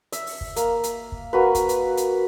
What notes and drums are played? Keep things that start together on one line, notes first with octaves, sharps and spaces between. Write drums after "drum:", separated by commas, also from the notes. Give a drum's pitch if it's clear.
E5, drum: hi-hat
drum: open hi-hat
drum: kick
A#3, drum: hi-hat
drum: hi-hat
drum: kick
A#3 F#4 B4
drum: kick, hi-hat
drum: hi-hat
drum: hi-hat